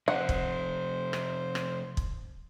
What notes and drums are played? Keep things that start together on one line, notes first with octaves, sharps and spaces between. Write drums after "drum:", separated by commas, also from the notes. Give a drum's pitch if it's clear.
C3 F3 C5 F#5
drum: kick
drum: rim click
drum: rim click
drum: kick